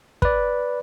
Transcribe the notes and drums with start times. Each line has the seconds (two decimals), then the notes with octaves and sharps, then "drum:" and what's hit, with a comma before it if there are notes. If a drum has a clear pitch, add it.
0.22 B4 D5, drum: kick